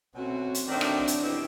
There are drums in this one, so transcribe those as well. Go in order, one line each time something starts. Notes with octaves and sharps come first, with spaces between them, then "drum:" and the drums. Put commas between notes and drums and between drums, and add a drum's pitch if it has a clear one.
B2 F#3 A3 C4 C#4 F#4
drum: hi-hat
D#3 F#3 A3 C4 D4
drum: rim click
drum: hi-hat
E2 B2 G3 C4 E4